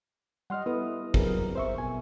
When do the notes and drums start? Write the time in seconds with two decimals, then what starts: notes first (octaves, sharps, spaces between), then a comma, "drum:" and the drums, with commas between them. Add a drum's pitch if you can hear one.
0.50 G3 D#5 F#5 C6 F6
0.66 B3 E4 A4 B4 D#6
1.14 F#3 B3 C4 G#4 A#4, drum: kick G#1
1.36 G3
1.55 C5 E5 C#6
1.78 B2 G#5